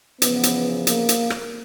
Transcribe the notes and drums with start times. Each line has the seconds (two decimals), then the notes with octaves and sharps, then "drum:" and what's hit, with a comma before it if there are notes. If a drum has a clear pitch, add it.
0.22 E2 C#3 F3 B3, drum: hi-hat
0.43 drum: hi-hat
0.87 A#3, drum: hi-hat
1.09 drum: hi-hat
1.30 drum: rim click